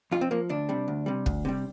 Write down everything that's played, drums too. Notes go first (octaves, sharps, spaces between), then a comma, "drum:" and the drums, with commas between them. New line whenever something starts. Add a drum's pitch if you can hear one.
F2 F4
C4
F3 A#3
D2 D4
C3 G3
D2
C3 G3
D2, drum: kick
C3 G3